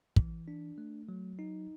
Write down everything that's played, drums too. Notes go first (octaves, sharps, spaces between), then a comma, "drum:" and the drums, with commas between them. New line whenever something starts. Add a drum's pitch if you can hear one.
E3, drum: kick
D4
A3
F#3
D#4